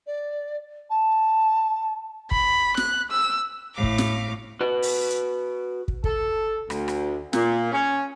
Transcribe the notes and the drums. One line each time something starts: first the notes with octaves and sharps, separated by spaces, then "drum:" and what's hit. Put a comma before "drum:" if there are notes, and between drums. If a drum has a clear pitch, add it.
D5
A5
B5, drum: kick
F#6, drum: snare
E6
A2 F5 D6
drum: kick
drum: snare
F#4 B4
drum: open hi-hat
drum: hi-hat
drum: kick
A4, drum: kick
D2, drum: rim click
drum: rim click
A#2, drum: snare
C#4